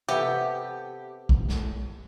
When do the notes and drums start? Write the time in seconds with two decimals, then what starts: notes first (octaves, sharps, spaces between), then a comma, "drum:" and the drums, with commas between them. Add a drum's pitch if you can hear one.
0.08 C3 B3 G4 A4
1.29 drum: kick A#1
1.49 drum: snare